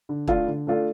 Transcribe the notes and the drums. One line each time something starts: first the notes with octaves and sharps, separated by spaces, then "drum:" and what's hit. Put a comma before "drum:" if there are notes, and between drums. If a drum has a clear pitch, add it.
D3
A3 D4 F4 A4, drum: kick
D3
A3 D4 F4 A4